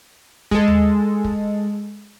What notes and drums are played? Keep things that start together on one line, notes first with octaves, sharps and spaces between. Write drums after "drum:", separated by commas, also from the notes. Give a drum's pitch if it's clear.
G#3 A4, drum: kick
drum: tom D#2
drum: kick